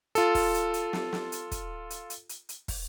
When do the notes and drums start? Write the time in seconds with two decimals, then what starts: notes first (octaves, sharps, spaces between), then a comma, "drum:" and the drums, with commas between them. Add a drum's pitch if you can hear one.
0.15 F4 A4, drum: hi-hat
0.35 drum: kick, open hi-hat
0.54 drum: hi-hat
0.74 drum: hi-hat
0.93 drum: snare
1.13 drum: snare
1.32 drum: hi-hat
1.51 drum: kick, hi-hat
1.90 drum: hi-hat
2.10 drum: hi-hat
2.29 drum: hi-hat
2.49 drum: hi-hat
2.68 drum: kick, open hi-hat